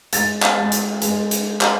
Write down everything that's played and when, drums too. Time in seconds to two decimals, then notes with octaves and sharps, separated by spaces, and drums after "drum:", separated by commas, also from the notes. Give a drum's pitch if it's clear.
0.13 G#3 A6, drum: hi-hat
0.42 drum: clap
0.57 G#3
0.72 drum: hi-hat
1.02 G#3, drum: hi-hat
1.31 drum: hi-hat
1.61 drum: clap